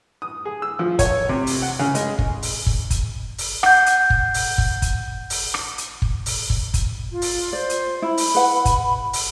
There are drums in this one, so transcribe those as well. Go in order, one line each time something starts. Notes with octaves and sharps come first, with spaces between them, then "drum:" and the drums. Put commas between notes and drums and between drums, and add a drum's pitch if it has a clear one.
D#6
G#4
E6
F3
C#5, drum: kick, hi-hat
C3
drum: open hi-hat
F#5
C#3
G#3, drum: hi-hat
drum: kick
drum: open hi-hat
drum: kick
drum: kick, hi-hat
drum: open hi-hat
F#5 G6, drum: rim click
drum: hi-hat
drum: kick
drum: open hi-hat
drum: kick
drum: kick, hi-hat
drum: open hi-hat
drum: rim click
drum: hi-hat
drum: kick
drum: open hi-hat
drum: kick
drum: kick, hi-hat
F4
drum: open hi-hat
C5 D5
drum: hi-hat
E4 B5
drum: open hi-hat
B4 F#5
drum: kick, hi-hat
drum: open hi-hat